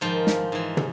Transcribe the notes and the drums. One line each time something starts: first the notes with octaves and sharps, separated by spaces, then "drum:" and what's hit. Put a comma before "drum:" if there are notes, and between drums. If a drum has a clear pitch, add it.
G#2 D#3 F3 F4
drum: snare
G#2 E3
drum: tom